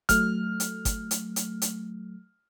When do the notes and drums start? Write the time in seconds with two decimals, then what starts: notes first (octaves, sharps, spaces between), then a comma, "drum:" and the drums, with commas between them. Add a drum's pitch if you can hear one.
0.09 F#3 A3 F6, drum: kick G1, hi-hat
0.60 drum: hi-hat
0.85 drum: kick G1, hi-hat
1.11 drum: hi-hat
1.36 drum: hi-hat
1.62 drum: hi-hat